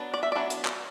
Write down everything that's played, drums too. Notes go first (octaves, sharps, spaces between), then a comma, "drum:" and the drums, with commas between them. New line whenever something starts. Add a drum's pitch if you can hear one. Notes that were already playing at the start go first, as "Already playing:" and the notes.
Already playing: F#3 B3 D4
D5
E5
F#3 B3 D4 D5
drum: hi-hat
drum: clap